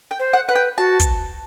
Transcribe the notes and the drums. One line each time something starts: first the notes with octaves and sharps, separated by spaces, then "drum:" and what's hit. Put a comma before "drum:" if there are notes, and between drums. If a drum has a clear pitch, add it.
G5
C5
F#5
B4 F#5
G5
F#4 A5
drum: kick, hi-hat